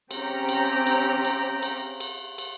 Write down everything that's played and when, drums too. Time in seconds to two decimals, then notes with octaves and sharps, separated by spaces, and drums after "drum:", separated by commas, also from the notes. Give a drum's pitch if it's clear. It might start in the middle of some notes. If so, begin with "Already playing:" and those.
0.11 C4 C#4 G4 G5 A#5, drum: cymbal
0.49 drum: cymbal
0.87 drum: cymbal
1.24 drum: cymbal
1.62 drum: cymbal
2.00 drum: cymbal
2.38 drum: cymbal